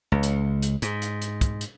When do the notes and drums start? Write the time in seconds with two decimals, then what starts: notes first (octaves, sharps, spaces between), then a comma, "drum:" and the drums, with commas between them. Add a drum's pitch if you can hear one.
0.12 C#2
0.23 drum: hi-hat
0.62 drum: hi-hat
0.82 G#2, drum: hi-hat
1.02 drum: hi-hat
1.22 drum: hi-hat
1.41 drum: kick, hi-hat
1.61 drum: hi-hat